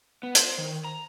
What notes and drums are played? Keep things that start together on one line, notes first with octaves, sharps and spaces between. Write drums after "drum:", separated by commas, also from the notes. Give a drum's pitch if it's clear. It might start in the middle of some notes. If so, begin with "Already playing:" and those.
B3
C5, drum: hi-hat
D#3
A#5